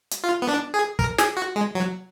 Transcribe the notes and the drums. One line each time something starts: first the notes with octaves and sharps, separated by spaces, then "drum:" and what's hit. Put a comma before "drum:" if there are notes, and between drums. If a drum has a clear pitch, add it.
drum: hi-hat
F4
B3
D4
G#4
A#4, drum: kick
G#4, drum: snare
F#4
G#3
F#3